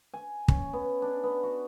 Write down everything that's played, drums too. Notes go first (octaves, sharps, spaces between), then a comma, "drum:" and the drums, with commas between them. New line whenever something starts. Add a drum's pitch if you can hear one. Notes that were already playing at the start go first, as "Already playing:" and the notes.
G#5
C#4, drum: kick
B3
D4
B3
F#4